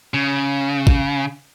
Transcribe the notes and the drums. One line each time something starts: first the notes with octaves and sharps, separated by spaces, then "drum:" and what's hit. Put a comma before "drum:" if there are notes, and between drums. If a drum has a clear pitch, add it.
C#3
drum: kick A1